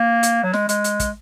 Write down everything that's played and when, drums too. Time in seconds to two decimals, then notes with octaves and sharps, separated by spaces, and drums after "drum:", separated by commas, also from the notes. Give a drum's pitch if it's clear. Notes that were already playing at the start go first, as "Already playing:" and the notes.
Already playing: A#3
0.23 drum: hi-hat
0.43 F#3
0.53 G#3, drum: snare
0.69 G#3, drum: hi-hat
0.84 drum: hi-hat
1.00 drum: kick, hi-hat